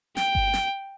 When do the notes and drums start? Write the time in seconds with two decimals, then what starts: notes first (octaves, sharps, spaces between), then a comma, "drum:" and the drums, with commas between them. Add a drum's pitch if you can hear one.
0.17 G5, drum: snare
0.35 drum: kick G1
0.54 drum: snare